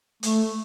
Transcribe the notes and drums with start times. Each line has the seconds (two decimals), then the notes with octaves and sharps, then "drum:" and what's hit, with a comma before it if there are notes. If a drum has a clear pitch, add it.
0.23 A3, drum: hi-hat